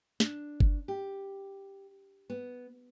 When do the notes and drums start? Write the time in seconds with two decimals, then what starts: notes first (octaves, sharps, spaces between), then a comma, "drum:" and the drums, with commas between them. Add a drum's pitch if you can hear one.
0.20 D4, drum: snare
0.60 drum: kick G1
0.88 G4
2.30 B3